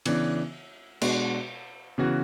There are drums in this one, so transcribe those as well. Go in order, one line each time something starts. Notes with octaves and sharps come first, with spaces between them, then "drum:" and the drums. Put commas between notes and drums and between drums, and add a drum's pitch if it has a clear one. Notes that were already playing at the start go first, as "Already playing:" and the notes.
C#3 E3 B3 D4, drum: cymbal
B2 G#3 D4 F#4, drum: cymbal
C#3 E3 B3 F#4